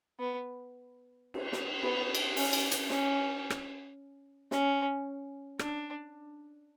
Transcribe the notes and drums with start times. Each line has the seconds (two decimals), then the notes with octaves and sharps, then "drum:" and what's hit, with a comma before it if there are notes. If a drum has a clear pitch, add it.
0.19 B3
1.34 drum: cymbal
1.52 drum: snare
1.83 B3, drum: cymbal
2.15 drum: cymbal
2.37 C#4, drum: open hi-hat
2.53 drum: cymbal
2.71 drum: hi-hat
2.90 C#4, drum: snare
3.50 drum: rim click
4.51 C#4, drum: snare
5.59 D4, drum: rim click